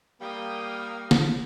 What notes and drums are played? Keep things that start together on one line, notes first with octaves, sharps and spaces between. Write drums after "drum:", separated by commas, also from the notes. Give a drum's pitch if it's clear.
G3 A#3 F5 G5 D#6
drum: snare